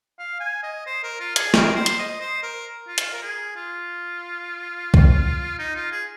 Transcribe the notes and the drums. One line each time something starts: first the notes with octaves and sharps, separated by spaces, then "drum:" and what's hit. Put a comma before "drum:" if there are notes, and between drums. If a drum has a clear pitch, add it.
F5
G#5
D#5
C5
A#4
F4
G#4, drum: hi-hat
A#4, drum: snare
C5
drum: hi-hat
D#5
C5
A#4
F4
drum: hi-hat
A#4
G#4
F4
drum: kick C2
D#4
F4
G#4